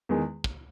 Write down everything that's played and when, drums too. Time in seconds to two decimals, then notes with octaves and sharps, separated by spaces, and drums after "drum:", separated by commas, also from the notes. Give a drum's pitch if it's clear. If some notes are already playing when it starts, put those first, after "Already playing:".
0.09 E2 D#3 G#3
0.44 drum: kick